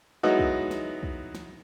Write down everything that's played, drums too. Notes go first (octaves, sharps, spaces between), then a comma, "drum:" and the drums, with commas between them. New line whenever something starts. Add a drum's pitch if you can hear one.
F#3 G#3 B3 D#4 E4 F#4
drum: kick
drum: snare
drum: kick
drum: snare